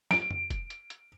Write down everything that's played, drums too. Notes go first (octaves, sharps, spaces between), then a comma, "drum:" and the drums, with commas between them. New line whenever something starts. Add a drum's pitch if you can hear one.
D7, drum: snare
drum: tom F2
drum: kick, hi-hat
drum: hi-hat
drum: hi-hat